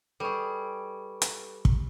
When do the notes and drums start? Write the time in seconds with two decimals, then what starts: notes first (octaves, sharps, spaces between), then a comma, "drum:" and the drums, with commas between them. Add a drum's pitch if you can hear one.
0.20 G3 G#4 A4 B4 C#6
1.22 drum: hi-hat
1.65 drum: kick